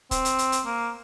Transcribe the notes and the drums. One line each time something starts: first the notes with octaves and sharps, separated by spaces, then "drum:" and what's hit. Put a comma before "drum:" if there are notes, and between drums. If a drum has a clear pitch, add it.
C4, drum: kick, hi-hat
drum: hi-hat
drum: hi-hat
drum: hi-hat
A#3